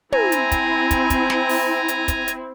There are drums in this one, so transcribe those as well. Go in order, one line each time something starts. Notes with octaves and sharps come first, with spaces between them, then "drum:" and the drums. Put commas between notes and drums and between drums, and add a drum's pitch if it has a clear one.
C4 E4 G#5 A#5, drum: tom
drum: hi-hat
drum: kick, hi-hat
drum: kick, hi-hat
drum: kick, hi-hat
drum: snare
drum: open hi-hat
drum: hi-hat
drum: kick, hi-hat
drum: hi-hat